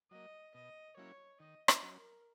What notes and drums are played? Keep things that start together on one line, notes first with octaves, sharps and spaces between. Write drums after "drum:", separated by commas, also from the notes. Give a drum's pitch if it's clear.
F#3 A#3 D#5
B2 D#5
F#3 A#3 C#4 E4 C#5
D#3 D#5
D#5, drum: rim click
F#3 C#4
A#4